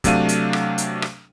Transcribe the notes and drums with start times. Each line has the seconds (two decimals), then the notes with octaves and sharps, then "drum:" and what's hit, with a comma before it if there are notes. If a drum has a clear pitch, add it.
0.04 C3 F#3 A3 D4 F5 D#7, drum: kick, hi-hat
0.29 drum: hi-hat
0.53 drum: rim click
0.78 drum: hi-hat
1.02 drum: rim click